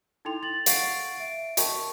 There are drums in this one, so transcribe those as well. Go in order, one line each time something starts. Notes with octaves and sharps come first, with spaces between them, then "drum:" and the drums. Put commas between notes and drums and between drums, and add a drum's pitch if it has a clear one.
D#4 E4 A4 G5 C6 F7
A6 F#7
F5 F#5 C#6 A6 C7 D7, drum: hi-hat
E5 D7
F#4 A#4 D#5 G5 A5 C#6, drum: hi-hat